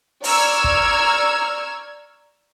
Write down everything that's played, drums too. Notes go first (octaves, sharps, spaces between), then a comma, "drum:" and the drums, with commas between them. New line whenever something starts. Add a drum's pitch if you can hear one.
D5 A#5 C#6 E6 F6 G#6, drum: open hi-hat
drum: kick